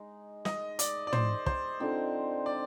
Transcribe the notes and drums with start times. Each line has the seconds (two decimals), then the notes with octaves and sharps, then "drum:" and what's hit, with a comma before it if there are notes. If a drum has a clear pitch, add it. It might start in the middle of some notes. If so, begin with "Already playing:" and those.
Already playing: G#3 D#4
0.45 D#5, drum: snare
0.79 D5, drum: hi-hat
1.07 D5
1.13 C5, drum: tom
1.46 C5, drum: kick
1.80 D3 F3 C4 D#4
2.46 D5